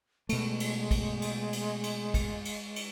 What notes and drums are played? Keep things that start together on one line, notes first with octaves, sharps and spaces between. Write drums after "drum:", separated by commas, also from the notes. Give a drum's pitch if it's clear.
B2 G#3 A3, drum: cymbal
drum: cymbal
drum: kick, cymbal
drum: cymbal
drum: cymbal
drum: cymbal
drum: kick, cymbal
drum: cymbal
drum: cymbal